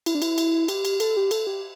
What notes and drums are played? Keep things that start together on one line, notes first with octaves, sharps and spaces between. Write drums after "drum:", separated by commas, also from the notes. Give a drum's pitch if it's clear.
E4, drum: cymbal
D4
E4, drum: cymbal
drum: cymbal
G4, drum: cymbal
drum: cymbal
A4, drum: cymbal
G4
A4, drum: cymbal
G4